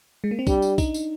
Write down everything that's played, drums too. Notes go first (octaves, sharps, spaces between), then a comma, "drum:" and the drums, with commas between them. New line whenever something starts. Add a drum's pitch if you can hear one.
G#3
A#3
C4
G3 D4, drum: kick B1, tambourine
drum: tambourine
D#4, drum: kick B1, tambourine
drum: tambourine